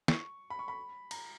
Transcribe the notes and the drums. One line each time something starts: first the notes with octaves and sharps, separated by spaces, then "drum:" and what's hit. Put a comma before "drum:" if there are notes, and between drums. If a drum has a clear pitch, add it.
C#6, drum: snare
B5
C#6
B5
A#5, drum: cymbal